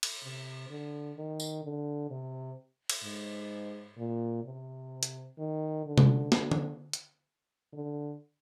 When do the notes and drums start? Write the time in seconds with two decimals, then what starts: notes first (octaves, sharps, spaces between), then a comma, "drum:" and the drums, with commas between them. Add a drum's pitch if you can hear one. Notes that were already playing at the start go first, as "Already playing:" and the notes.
0.03 drum: cymbal
0.23 C3
0.70 D3
1.17 D#3
1.40 drum: tambourine
1.64 D3
2.10 C3
2.89 drum: cymbal
3.04 G#2
3.97 A#2
4.44 C3
5.03 drum: hi-hat
5.38 D#3
5.85 D3
5.98 drum: tom C3
6.32 D3, drum: snare
6.52 drum: tom D3
6.93 drum: hi-hat
7.73 D3